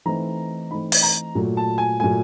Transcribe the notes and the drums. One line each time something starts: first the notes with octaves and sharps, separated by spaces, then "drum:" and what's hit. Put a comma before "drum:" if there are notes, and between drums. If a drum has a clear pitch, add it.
E3 A3 C4 D#4 A#5
E3 A3 C4 D#4 B5
drum: open hi-hat
A#5
A#2 F#3 A3
A5
G#5
A#2 F#3 A3 G#5